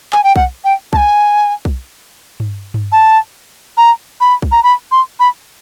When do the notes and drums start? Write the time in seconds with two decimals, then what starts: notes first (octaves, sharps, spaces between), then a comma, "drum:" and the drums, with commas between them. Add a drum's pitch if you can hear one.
0.13 G#5, drum: clap
0.24 G5
0.36 F#5, drum: kick B1
0.64 G5
0.93 A5, drum: kick B1
0.97 G#5
1.65 drum: kick B1
2.40 drum: tom G2
2.74 drum: tom G2
2.92 A5
3.77 A#5
4.21 B5
4.42 drum: kick B1
4.52 A#5
4.63 B5
4.92 C6
5.20 B5